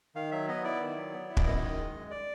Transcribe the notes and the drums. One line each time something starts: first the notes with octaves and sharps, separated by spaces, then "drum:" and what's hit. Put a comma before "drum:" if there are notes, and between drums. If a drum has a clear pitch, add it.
D#3 F5
F#3 E5
B3 D#5
E4 D5
D#3
F#3
B3
E4
D5, drum: kick
F#2 D#5
D#3
G#3
F#2
D5